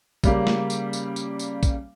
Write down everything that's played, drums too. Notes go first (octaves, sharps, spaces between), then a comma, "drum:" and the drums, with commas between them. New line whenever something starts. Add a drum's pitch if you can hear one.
C#3 G3 A#3, drum: kick, tambourine
drum: snare
drum: tambourine
drum: tambourine
drum: tambourine
drum: tambourine
drum: kick, tambourine